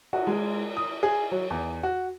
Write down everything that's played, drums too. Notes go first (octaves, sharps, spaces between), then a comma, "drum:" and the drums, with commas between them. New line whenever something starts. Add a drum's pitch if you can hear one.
F#4, drum: cymbal
G#3
D#6
G#4
F#3
E2
F#4